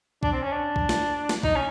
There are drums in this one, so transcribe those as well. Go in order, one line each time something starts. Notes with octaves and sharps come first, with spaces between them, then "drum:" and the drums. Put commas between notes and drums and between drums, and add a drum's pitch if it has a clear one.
D4, drum: kick
C4
C#4
D4
drum: kick
drum: snare
drum: snare
D#4, drum: kick
C#4